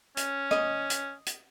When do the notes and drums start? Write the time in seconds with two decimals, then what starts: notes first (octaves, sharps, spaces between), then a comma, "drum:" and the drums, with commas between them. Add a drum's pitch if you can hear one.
0.17 C#4, drum: hi-hat
0.51 D#5, drum: rim click
0.90 drum: hi-hat
1.26 drum: hi-hat